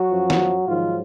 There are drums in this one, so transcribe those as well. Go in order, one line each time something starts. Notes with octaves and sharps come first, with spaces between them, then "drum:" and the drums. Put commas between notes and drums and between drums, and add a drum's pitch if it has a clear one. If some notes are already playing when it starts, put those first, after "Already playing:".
Already playing: F#3 F#4
F#2 F3
drum: snare
G#2 D#3 F3 F#3 F4